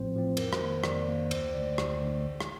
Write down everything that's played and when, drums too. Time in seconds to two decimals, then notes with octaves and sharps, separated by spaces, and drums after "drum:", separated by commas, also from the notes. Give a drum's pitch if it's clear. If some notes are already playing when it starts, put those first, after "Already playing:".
Already playing: A1 A2 F3 C4 C5
0.14 A2 F3 C4
0.37 F2 A#4, drum: cymbal
0.53 C5, drum: rim click
0.60 D#3 A#3
0.84 F2 D5, drum: rim click
1.07 D#3 A#3
1.31 D2 C5, drum: cymbal
1.43 D5
1.54 D3 A3 D5
1.78 D2, drum: rim click
2.01 D3 A3
2.25 A1
2.41 drum: rim click